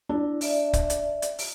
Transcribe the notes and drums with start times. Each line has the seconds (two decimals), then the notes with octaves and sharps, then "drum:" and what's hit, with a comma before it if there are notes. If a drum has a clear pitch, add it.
0.09 D4 E4
0.41 D5 E5, drum: open hi-hat
0.73 drum: kick C#1, hi-hat
0.90 drum: hi-hat
1.22 drum: hi-hat
1.39 drum: open hi-hat